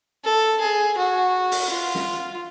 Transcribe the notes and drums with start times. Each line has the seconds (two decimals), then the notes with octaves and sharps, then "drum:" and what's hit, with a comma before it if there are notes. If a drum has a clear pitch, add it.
0.25 A4
0.60 G#4
0.98 F#4
1.52 drum: open hi-hat
1.70 F4
1.95 drum: snare